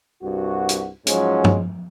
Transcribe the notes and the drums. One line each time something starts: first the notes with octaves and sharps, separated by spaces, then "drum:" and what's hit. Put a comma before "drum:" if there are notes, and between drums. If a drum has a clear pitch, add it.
C2 G2 F#4
drum: hi-hat
G#2 F3 F#3 G#3 C#4, drum: hi-hat
drum: tom G2